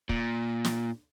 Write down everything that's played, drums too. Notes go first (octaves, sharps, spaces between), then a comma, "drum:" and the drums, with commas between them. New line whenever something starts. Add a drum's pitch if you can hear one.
A#2, drum: kick
drum: snare